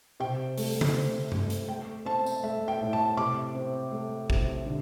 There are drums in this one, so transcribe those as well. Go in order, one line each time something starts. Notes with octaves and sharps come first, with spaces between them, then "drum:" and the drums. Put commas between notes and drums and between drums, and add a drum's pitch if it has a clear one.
C3 G5
A3, drum: open hi-hat
drum: tom C#3
C4
A3, drum: tom G2
drum: hi-hat
A3 G5
C4 A5
drum: tambourine
A3 E5
G5
A2
A5
C3 D6
C4
A3
C3, drum: kick
D3